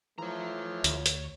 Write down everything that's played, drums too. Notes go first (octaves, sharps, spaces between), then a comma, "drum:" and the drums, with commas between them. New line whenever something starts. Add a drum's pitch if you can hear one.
E3 F3 A3 C#5 A#5
D2, drum: hi-hat
drum: hi-hat